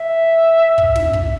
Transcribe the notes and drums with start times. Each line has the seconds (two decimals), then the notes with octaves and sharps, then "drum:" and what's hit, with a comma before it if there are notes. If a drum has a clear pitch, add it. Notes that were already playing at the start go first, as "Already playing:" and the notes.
Already playing: E5
0.78 drum: kick
0.96 drum: snare
1.13 drum: kick